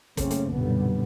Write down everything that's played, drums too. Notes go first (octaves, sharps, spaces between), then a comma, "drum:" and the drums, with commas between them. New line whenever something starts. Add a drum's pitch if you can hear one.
F#1 C#3 A3 A#3 C4 C#4, drum: kick, hi-hat
drum: hi-hat
B1 F#2 A#2 D3 G3 B3